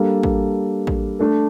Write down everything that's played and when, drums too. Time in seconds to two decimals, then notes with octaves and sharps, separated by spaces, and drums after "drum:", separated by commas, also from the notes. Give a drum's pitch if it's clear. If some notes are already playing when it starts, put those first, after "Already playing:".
Already playing: G3 A#3 D4 A4
0.23 drum: kick A1
0.87 drum: kick A1
1.19 A3 D4 A4